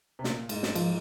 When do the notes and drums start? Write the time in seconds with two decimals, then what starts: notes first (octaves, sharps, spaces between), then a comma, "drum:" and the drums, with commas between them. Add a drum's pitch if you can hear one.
0.19 C3
0.24 A#2, drum: snare
0.49 G#2, drum: cymbal
0.63 drum: snare
0.75 F3, drum: cymbal